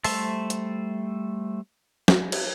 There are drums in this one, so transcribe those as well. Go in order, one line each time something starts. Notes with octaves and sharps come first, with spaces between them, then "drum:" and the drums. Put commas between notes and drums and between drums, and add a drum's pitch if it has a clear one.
G3 A3 C5 E5 A5, drum: open hi-hat
drum: hi-hat
drum: snare
drum: cymbal